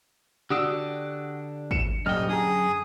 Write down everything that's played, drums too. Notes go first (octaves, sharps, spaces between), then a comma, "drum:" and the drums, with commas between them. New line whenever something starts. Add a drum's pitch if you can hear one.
D3 D4 F#4 G4 D#6 E6
C#7 E7, drum: kick
D#1 F#2 G3 D#5 G5 F6
D3 G#4 A#5 D#6